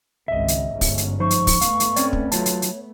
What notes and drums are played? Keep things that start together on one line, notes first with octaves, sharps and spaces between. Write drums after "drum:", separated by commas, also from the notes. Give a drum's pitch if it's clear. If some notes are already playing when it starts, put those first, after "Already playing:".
G#1 C#2 D#5 E5
drum: hi-hat
G1 G#2 C#4
drum: kick, open hi-hat
drum: hi-hat
F3 D#4 C5 C#6
drum: hi-hat
drum: kick, open hi-hat
A3 B3 F5, drum: hi-hat
drum: hi-hat
C4 C#4 D5, drum: hi-hat
drum: kick
F#3 F4 C#5 A5, drum: hi-hat
drum: hi-hat
drum: hi-hat